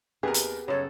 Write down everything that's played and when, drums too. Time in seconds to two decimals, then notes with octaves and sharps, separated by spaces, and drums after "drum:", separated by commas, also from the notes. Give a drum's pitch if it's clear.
0.23 D#2 C3 B3 G4 G#4 A#4 B4
0.34 drum: hi-hat
0.68 F#2 C#3 A4 C#5